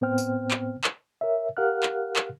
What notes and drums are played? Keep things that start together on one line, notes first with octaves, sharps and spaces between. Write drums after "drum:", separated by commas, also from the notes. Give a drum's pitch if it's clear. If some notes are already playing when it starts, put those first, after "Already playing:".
A2 B3 C4 C5 G5 F6
drum: tambourine
drum: clap
drum: clap
A#4 C#5 E5
G4 A#4 F5 F#5 F6 F#6
drum: clap
drum: clap